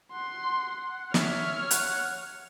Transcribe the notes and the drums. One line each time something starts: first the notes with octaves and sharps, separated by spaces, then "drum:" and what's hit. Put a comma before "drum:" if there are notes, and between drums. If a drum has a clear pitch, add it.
F#5 C6
C#5 E5 F6, drum: snare
F#5, drum: hi-hat